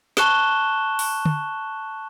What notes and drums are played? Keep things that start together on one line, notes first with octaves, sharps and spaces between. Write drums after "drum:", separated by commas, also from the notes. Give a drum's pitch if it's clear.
A5 C#6 F#6 E7 G7, drum: snare
drum: open hi-hat
drum: tom